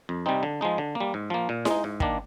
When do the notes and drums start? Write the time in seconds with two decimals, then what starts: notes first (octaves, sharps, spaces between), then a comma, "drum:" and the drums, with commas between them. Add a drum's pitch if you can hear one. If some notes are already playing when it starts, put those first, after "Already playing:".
0.09 F2
0.26 C3 G3 C4 D#4
0.43 D3
0.61 F3 G#3 D#4
0.78 D3
0.95 A#3
1.00 G3
1.14 G#2
1.30 F3 A#3
1.49 A#2
1.65 G#3, drum: snare E4
1.71 D#4
1.84 G#2
2.00 D#3 A#3 D4, drum: kick